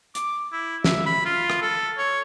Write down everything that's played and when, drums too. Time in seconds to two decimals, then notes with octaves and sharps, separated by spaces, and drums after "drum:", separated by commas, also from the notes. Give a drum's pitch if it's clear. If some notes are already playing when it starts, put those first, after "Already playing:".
0.15 D6, drum: hi-hat
0.52 E4
0.84 E5, drum: snare
1.06 B5
1.25 F4
1.50 drum: rim click
1.61 A4
1.97 C#5